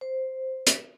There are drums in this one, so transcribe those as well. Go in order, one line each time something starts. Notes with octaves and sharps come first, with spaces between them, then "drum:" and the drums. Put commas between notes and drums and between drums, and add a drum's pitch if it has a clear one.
C5
drum: hi-hat